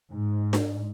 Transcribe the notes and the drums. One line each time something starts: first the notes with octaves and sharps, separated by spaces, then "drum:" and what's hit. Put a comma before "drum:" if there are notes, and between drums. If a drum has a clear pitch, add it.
G#2
drum: snare D4